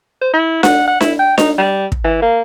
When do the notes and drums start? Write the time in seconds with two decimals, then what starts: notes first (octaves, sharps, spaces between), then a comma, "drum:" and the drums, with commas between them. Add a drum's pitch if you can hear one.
0.22 C5
0.34 E4
0.63 F#5, drum: snare D4
0.88 F#5
1.01 E4, drum: snare D4
1.19 G5
1.38 D#4, drum: snare D4
1.58 G3
1.92 drum: kick
2.05 E3
2.22 A#3